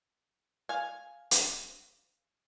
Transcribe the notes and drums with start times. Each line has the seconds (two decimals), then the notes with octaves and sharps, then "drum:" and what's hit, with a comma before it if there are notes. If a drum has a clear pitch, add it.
0.69 F5 G#5
1.31 drum: hi-hat